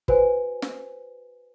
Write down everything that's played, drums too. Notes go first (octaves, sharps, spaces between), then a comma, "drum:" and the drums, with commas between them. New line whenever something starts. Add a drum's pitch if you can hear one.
F#4 B4 C5 G#5, drum: kick
drum: snare